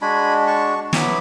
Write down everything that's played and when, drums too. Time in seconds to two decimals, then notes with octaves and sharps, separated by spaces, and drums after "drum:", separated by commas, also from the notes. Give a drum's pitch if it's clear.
0.01 G#3 D4 F#4 G#5 B5
0.47 A5 C#6
0.93 F#3 B3 E4 B5 D6, drum: snare